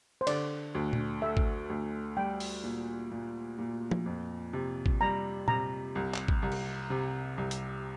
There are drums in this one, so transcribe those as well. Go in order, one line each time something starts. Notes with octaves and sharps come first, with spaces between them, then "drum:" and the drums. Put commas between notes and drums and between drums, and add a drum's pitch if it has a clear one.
C5
D3 D5, drum: cymbal
D2
drum: tom A#2
A3 E5
drum: kick
D2
G3 G5
drum: open hi-hat
A#2
A#2
A#2
drum: tom F3
F2
C3
drum: kick
G3 A#5
C3 A#5, drum: tom A#2
C2
drum: clap
drum: kick
C2
drum: cymbal
C3
C2
drum: hi-hat